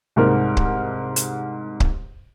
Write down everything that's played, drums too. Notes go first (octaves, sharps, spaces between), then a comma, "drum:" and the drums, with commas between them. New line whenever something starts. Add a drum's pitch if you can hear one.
C2 G#2 A#4
drum: kick C#1
drum: hi-hat
drum: kick C#1